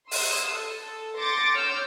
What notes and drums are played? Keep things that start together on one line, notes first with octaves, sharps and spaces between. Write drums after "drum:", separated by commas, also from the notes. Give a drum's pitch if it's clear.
C6 D#6 E6, drum: open hi-hat
A4
C6 D6 G6 A6 A#6 C#7
C#5 E6 F6 G6